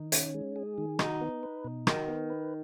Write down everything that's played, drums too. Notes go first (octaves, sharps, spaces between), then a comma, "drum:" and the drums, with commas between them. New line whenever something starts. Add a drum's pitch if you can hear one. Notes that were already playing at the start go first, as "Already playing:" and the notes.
Already playing: D#3 D#4
C#4, drum: hi-hat
G#3
G#4
D#3
D#4 F#4, drum: rim click
B3
B4
B2
D#3 F#4, drum: rim click
B3
B4